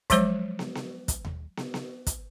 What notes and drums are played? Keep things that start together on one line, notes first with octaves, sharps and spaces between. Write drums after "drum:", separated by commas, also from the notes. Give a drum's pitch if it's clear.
F3 F#3 G#3 C5 C#5, drum: kick, hi-hat
drum: snare
drum: snare
drum: kick, hi-hat
drum: tom D#2
drum: snare
drum: snare
drum: kick, hi-hat